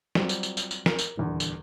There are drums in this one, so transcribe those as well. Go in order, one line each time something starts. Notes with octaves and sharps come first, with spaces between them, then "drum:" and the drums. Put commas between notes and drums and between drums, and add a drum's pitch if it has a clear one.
F#3 G3 C4 F4, drum: snare
drum: tambourine
drum: tambourine
drum: tambourine
drum: tambourine
A#4, drum: snare
drum: tambourine
D#1 E2 D3
drum: tambourine